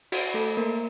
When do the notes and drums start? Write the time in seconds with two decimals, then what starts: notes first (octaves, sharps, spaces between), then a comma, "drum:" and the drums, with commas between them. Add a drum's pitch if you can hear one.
0.12 F#4, drum: cymbal
0.34 A3 A4
0.57 A#3 A#4